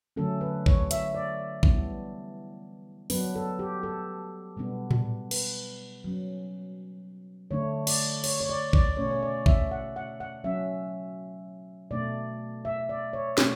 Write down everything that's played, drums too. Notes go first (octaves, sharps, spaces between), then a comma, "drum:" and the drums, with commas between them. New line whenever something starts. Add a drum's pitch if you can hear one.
D3 F#3 A3 C#4 A4
B4
C#5, drum: kick A#1
E5, drum: hi-hat
D5
E3 G3 B3 D4, drum: kick A#1
F#3 B3 D4 B4, drum: open hi-hat
A4
G4
A4
B2 G3 B3 D4
drum: tom A2
B4, drum: cymbal
F#3 C#4
D3 A3 D4 C#5
D5, drum: cymbal
C#5, drum: cymbal
C#5
D5
D5, drum: kick A#1
B2 A3 C#4 C#5
C#5
D5
E5, drum: kick A#1
F#5
F#5
F#5
F#3 C#4 E5
B2 A3 D4 D5
E5
D5
C#5
B2 A3 F#4, drum: snare